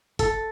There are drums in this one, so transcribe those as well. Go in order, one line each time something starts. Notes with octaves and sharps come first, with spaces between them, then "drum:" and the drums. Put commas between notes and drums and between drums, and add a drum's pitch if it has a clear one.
A4, drum: kick, hi-hat